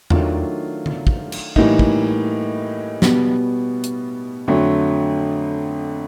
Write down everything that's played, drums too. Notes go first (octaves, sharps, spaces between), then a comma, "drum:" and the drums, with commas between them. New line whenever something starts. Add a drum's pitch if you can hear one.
D#3 F#3 A3 D4 F4, drum: tom E2
drum: tom D3
drum: kick
drum: cymbal
A2 E3 G3 A#3 D#4, drum: kick
drum: kick
B2 G3 B3, drum: snare
drum: hi-hat
F2 D3 F#3 A3